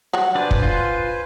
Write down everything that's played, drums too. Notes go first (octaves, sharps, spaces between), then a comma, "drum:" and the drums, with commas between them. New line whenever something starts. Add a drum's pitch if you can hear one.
F#3 G3 F#4
D4 B4 C5 D5 G#5
drum: kick
F4